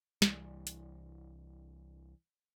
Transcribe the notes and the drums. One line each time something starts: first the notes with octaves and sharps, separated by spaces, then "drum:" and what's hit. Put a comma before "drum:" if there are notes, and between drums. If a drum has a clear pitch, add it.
C2 E3 G3, drum: snare
drum: hi-hat